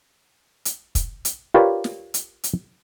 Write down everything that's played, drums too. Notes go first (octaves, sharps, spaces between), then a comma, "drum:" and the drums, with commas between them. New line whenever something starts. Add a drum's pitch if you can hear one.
drum: hi-hat
drum: kick, hi-hat
drum: hi-hat
F4 G4 A#4 B4 C#5 D5
drum: snare
drum: hi-hat
drum: hi-hat